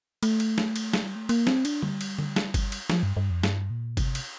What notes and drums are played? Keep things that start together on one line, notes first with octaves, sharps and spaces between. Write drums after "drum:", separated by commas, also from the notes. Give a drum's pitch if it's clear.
A3, drum: cymbal
drum: cymbal
drum: snare
drum: cymbal
drum: snare
G3
A3
A#3, drum: cymbal
C4, drum: snare
D4, drum: cymbal
G3, drum: tom D3
drum: cymbal
drum: tom D3
drum: snare
drum: kick G1, cymbal
drum: cymbal
F3, drum: snare
G2
G2
F2
G2, drum: snare
A#2
C3, drum: kick G1, cymbal
drum: cymbal